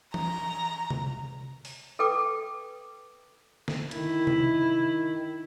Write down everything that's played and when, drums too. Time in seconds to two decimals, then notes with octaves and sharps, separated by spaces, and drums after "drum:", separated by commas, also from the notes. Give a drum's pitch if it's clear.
0.14 A#5, drum: tom E3
0.90 drum: tom C3
1.65 drum: open hi-hat
1.99 A4 B4 G5 D6
3.68 drum: snare
3.91 D#3 E4, drum: hi-hat
4.27 drum: tom C3